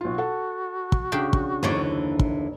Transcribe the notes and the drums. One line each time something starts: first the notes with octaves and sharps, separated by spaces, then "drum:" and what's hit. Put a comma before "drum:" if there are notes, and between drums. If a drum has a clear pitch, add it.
B1 F4 F#4
A4 F#5 A5
drum: kick
C#3 D4 G4
drum: kick
F#1 D#2 D3 E3 C#5 D5
drum: kick